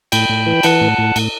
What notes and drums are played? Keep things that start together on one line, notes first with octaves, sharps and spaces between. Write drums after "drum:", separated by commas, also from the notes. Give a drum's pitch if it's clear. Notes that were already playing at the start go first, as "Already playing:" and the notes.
A2 G5 B5, drum: cymbal
A2
E3
E3 F#5 A5, drum: cymbal
A2
A2
A2, drum: cymbal